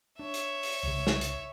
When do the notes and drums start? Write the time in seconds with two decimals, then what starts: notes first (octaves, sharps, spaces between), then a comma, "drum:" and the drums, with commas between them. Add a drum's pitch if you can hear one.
0.19 D4 C#5 E5
0.34 drum: hi-hat
0.63 drum: open hi-hat
0.83 C2 C#3
1.07 drum: snare
1.21 drum: hi-hat